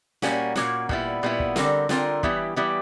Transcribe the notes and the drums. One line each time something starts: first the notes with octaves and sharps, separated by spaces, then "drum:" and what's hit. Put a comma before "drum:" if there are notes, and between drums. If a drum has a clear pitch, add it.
A#2 G3 A#3 C#4 F#4, drum: snare
A#2 G3 A#3 C#4 F#4, drum: snare
A#2 G3 B3 E4, drum: kick
A#2 G3 B3 E4
drum: kick
D3 G3 C4 F4 A#4, drum: snare
D3 G3 C4 F4 A#4, drum: snare
E3 G3 B3 E4 G4, drum: kick
E3 G3 B3 E4 G4